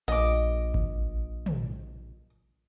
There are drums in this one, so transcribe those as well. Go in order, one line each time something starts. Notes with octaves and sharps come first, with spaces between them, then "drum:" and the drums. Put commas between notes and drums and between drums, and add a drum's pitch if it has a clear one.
A#1 D#5 D6, drum: hi-hat
drum: kick G#1
drum: tom